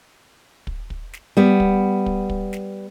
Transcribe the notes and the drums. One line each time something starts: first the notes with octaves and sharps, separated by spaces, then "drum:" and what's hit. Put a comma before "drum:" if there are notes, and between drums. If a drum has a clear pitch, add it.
drum: kick
drum: kick
drum: snare
G3 B3
drum: kick
drum: kick
drum: kick
drum: snare